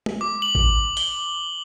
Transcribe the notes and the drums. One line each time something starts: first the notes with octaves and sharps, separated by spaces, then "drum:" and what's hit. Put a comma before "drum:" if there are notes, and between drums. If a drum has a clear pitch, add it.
drum: tom
D6
F#7
drum: kick A1
G7, drum: hi-hat